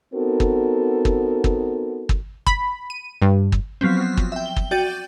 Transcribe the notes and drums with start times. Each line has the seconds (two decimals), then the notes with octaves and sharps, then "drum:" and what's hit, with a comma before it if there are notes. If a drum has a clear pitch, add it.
0.14 B3 C4 D#4 F#4 A4 A#4
0.40 drum: kick
1.05 drum: kick
1.44 drum: kick
2.09 drum: kick
2.47 B5, drum: kick
2.90 D#7
3.22 G2
3.52 drum: kick
3.81 F3 F#3 B3 C4
4.17 drum: kick
4.32 E5 G5
4.46 G7
4.56 drum: kick
4.71 F#4 D5 G5 G6 A6 D#7